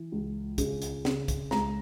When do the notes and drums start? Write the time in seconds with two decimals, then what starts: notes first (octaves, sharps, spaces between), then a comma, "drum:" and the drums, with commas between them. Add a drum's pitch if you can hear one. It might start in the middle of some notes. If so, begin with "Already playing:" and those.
Already playing: E3
0.12 C#2
0.58 C#3, drum: kick C2, hi-hat
0.82 drum: hi-hat
1.05 C#3, drum: snare
1.28 drum: kick C2, hi-hat
1.51 C#2 A#5, drum: snare